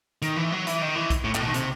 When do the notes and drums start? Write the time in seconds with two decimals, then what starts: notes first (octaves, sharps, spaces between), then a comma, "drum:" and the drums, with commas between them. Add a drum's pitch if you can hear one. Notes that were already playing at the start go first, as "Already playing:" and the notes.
0.22 D#3, drum: hi-hat
0.36 E3
0.52 F#3
0.67 E3, drum: hi-hat
0.81 D#3
0.95 E3
1.10 drum: kick B1, hi-hat
1.24 A2
1.35 A2, drum: clap
1.40 B2
1.47 D#3
1.54 C3, drum: hi-hat